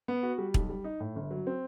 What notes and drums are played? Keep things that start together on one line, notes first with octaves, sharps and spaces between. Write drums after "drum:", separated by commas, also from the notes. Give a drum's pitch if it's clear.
B3
F#4
G3
B1, drum: kick
G3
D#4
A2
G1
F#3
C4